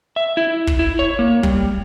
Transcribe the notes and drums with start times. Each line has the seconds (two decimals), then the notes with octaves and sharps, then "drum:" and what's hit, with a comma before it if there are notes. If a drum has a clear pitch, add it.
0.16 E5
0.37 E4
0.67 drum: kick
0.79 E4
0.99 C#5
1.19 A#3
1.43 G3, drum: kick